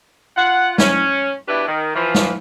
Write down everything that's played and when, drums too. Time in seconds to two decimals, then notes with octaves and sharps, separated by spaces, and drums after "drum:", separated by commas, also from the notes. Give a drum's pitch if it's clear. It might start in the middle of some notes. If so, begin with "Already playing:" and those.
0.37 F4 F#5
0.78 C#4, drum: snare
1.48 B2 D4 E4 G4 B4
1.68 D#3
1.95 E3 F3
2.15 drum: snare